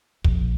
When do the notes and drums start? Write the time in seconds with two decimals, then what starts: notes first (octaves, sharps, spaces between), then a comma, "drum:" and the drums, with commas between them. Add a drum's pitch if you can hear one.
0.24 A#1, drum: kick